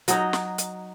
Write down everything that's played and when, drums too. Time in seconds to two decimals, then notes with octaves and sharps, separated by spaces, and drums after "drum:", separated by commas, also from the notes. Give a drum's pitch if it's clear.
0.08 F#3 D#4, drum: hi-hat
0.33 drum: snare
0.58 drum: hi-hat